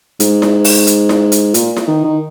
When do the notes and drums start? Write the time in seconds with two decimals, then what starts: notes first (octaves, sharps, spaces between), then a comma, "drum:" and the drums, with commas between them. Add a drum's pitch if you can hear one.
0.20 G#2, drum: hi-hat
0.42 drum: snare E4
0.64 drum: open hi-hat
0.87 drum: hi-hat
1.09 drum: snare E4
1.32 drum: hi-hat
1.54 A#2, drum: hi-hat
1.77 drum: snare E4
1.88 D#3
2.04 D#3